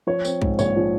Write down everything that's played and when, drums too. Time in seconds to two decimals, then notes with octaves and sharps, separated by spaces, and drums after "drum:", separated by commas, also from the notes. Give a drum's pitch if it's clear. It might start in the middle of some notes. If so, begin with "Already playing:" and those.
0.07 F3 C#5
0.25 C4, drum: tambourine
0.42 G#2, drum: kick
0.59 A#1 C#5, drum: tambourine
0.76 F3